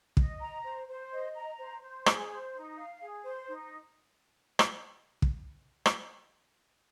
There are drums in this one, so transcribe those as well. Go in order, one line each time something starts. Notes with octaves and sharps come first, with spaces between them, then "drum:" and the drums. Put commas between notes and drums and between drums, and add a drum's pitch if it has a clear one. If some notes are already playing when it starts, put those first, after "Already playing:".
D#5, drum: kick
A#5
C5
C5
D#5
A#5
C5
C5
G#4, drum: rim click
C5
D#4
F5
G#4
C5
D#4
drum: rim click
drum: kick
drum: rim click